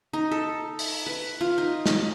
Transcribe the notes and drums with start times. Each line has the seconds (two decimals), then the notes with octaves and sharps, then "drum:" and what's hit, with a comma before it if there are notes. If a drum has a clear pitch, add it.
0.13 D#4
0.31 A4
0.79 drum: open hi-hat
1.06 B4
1.41 F4
1.58 D#4
1.86 drum: snare